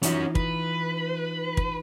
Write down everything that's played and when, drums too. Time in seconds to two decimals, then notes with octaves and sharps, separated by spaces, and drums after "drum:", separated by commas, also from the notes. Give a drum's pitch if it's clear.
0.03 E3 C#4 D#4 F4 F#4, drum: hi-hat
0.35 B4, drum: kick
1.57 drum: kick